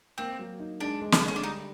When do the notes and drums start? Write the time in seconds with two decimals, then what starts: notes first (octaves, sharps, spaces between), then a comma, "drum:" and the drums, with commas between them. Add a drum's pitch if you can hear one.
0.18 A#3 C4
0.39 F#3
0.60 D#4
0.80 G#3 D4
1.02 G#3
1.12 drum: snare
1.23 D3 C#4
1.36 D4
1.43 G3 D#4